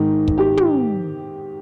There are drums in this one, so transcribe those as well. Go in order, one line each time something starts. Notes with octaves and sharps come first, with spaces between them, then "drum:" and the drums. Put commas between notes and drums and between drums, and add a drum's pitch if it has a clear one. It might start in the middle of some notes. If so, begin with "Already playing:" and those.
Already playing: G#2 D#3 D#4
drum: kick
G4
drum: tom